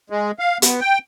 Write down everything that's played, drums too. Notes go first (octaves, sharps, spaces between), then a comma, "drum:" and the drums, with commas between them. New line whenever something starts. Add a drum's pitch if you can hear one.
G#3
F5
B3, drum: hi-hat
G5